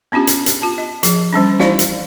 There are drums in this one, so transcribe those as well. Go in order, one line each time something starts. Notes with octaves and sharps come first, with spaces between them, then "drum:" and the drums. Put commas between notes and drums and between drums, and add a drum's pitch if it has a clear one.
B3 C#4 D4 F4 G4
drum: hi-hat
drum: hi-hat
F4 A5
D#5
F3 G#4, drum: hi-hat
E3 G3 C#4 D4
E3 D#4 E4 C5 D5 F5, drum: snare
drum: hi-hat